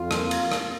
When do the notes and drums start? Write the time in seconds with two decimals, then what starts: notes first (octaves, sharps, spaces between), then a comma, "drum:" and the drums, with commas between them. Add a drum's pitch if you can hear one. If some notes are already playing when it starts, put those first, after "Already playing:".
Already playing: F2 F4
0.11 A#3, drum: rim click
0.31 drum: cymbal
0.52 drum: rim click